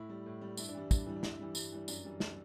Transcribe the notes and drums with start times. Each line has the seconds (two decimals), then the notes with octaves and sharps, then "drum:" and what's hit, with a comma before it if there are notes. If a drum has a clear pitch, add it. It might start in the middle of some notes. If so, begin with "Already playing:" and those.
Already playing: A2 E4
0.09 G3
0.26 A2
0.41 G3
0.57 G2 E4, drum: tambourine
0.69 D4
0.74 E3 G3
0.91 G2 D4, drum: kick, tambourine
1.06 E3 G3
1.16 D4
1.23 G2 E4, drum: snare
1.39 E3 G3
1.55 G2, drum: tambourine
1.72 E3 G3
1.88 F#2 D4, drum: tambourine
2.05 E3 G3
2.20 drum: snare